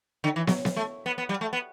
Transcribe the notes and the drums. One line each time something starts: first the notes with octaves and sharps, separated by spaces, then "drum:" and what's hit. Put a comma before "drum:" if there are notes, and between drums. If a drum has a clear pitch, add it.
D3
E3
F#3, drum: snare
drum: snare
A3
B3
B3
G3
A3
B3